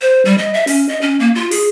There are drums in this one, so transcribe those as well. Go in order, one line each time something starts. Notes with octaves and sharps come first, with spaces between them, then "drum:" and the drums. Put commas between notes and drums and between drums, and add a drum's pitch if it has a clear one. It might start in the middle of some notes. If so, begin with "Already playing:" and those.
C5
G3
D#5
E5
C#4, drum: open hi-hat
D#5
C#4
A#3
F4
G#4, drum: open hi-hat